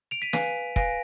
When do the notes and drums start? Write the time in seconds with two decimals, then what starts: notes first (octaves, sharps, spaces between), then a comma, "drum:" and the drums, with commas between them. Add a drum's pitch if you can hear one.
0.11 D7 F7
0.22 B6 D#7
0.33 B4 F5 G#5 B6 D#7, drum: snare
0.76 B4 F5 G#5 A#6 D7, drum: kick